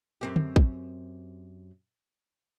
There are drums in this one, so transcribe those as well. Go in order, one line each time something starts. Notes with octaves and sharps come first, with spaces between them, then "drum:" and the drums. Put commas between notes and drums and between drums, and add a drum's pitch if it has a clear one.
F#2 C4 G4
drum: tom
drum: kick